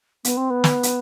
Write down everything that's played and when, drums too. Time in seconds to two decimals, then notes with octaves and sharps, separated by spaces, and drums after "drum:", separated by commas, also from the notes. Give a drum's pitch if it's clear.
0.25 B3, drum: hi-hat
0.37 C4
0.50 B3
0.64 drum: snare
0.83 drum: hi-hat